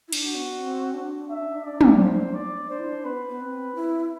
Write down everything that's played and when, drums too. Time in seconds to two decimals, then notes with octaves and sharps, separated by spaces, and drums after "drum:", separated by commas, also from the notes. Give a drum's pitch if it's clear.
0.08 E4
0.12 D4, drum: cymbal
0.24 F#4
0.35 B3
0.59 C4
0.94 D4
1.30 E5
1.65 D5
1.81 drum: tom
2.00 C5
2.34 D5
2.70 D4 C5
2.79 E4
2.89 D4
3.05 B3 B4
3.28 B3
3.41 C4
3.75 E4